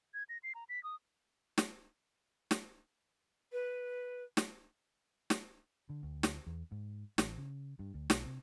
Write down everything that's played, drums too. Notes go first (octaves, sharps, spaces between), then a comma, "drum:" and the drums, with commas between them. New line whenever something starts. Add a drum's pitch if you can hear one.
G#6
A#6
C7
A#5
B6
D#6
drum: snare
drum: snare
B4
drum: snare
drum: snare
D3
D2
drum: snare
E2
G#2
A1, drum: snare
C#3
G2
D2
B1, drum: snare
C3